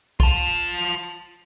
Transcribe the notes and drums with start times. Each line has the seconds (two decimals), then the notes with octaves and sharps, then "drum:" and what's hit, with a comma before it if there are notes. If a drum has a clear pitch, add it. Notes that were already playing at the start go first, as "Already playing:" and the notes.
0.20 F4 A5, drum: kick